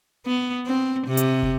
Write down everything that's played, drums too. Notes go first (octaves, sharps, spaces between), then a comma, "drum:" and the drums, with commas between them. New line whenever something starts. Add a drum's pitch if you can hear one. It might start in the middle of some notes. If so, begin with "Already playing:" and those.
B3
C4
C3
drum: hi-hat
drum: kick